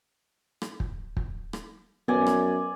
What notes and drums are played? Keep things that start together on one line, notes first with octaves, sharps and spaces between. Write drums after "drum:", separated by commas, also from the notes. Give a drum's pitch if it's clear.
drum: rim click
drum: kick
drum: kick
drum: rim click
F#2 B3 D5 G#5
drum: rim click